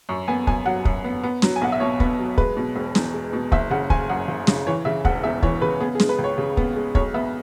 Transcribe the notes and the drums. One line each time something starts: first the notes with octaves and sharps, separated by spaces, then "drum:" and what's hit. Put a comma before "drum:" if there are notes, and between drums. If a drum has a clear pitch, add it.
F#2 C#6
B3 G#5
F#2 G#5, drum: kick
F#3 F#5
F#2, drum: kick
B3
B3
F#3, drum: snare
G#5
B1 F#5
E5
B2 C#5
B3, drum: kick
F#3
G#3 B4, drum: kick
B2
E1
E2, drum: snare
G#3
B2
F#1 E5, drum: kick
C#3 F#5
F#1 G#5, drum: kick
F#2 F#5
F#1
C#3, drum: snare
E3 C#5
C#3 E5
E1 F#5, drum: kick
E2 E5
E3 C#5, drum: kick
C#3 B4
B3 G#4
G#4
G#3, drum: snare
B4
C#2
C#5
C#3
B3, drum: kick
G#3
B1 C#5, drum: kick
B3 E5